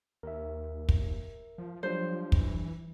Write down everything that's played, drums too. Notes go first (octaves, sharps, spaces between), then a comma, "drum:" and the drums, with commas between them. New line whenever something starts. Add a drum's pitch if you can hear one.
D#2 A#4 E5
drum: kick
F3
F#3 G3 D4 C5
E3, drum: kick